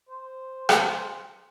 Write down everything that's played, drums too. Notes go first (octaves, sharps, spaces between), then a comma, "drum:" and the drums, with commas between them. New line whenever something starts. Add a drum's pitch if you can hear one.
C5
drum: rim click